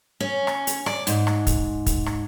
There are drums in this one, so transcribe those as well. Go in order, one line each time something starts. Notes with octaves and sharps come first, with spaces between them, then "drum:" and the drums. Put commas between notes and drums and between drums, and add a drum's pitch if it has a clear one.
C#4
drum: rim click
drum: hi-hat
D5, drum: rim click
G#2, drum: hi-hat
drum: rim click
drum: kick, hi-hat
drum: kick, hi-hat
drum: rim click